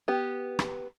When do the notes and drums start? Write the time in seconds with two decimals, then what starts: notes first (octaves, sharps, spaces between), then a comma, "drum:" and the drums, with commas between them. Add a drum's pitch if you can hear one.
0.08 B3 G4
0.59 drum: rim click